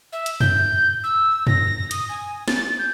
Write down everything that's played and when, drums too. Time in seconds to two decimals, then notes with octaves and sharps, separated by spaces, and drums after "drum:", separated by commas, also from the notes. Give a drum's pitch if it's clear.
0.12 E5
0.26 drum: hi-hat
0.40 G6, drum: tom
1.04 E6
1.47 A#6, drum: tom
1.91 D#6, drum: hi-hat
2.09 G#5
2.48 A6, drum: snare
2.79 G6